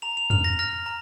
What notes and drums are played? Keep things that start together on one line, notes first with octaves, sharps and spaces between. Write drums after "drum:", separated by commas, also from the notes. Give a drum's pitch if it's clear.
A#5 F7
F7
F6 F7, drum: tom
A#6
F6 A#6
A#5